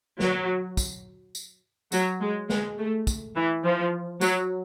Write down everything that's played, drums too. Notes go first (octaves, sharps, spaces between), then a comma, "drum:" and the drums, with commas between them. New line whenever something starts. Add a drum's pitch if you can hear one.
F#3, drum: snare
drum: kick, tambourine
drum: tambourine
F#3, drum: tambourine
G#3
G#3, drum: snare
A3
drum: kick, tambourine
E3
F3
F#3, drum: tambourine